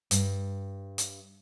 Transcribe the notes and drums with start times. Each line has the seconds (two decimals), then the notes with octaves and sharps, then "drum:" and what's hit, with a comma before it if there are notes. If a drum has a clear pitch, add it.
0.11 G2, drum: hi-hat
0.98 drum: hi-hat